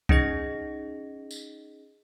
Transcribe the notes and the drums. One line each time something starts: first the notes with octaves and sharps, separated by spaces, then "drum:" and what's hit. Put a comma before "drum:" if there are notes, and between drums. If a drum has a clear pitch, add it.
C#4 D#4 G#4 D#5 A#6, drum: kick C2
drum: tambourine